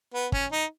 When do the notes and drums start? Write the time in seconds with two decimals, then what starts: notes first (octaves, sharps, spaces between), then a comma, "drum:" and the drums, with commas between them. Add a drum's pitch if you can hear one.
0.14 B3
0.32 C#4, drum: kick
0.52 D#4